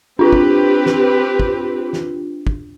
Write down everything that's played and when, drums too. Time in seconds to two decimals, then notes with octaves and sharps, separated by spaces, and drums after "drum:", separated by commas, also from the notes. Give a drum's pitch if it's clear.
0.19 C4 D4 F4 G4 B4
0.33 drum: kick
0.86 drum: snare
1.40 drum: kick
1.93 drum: snare
2.47 drum: kick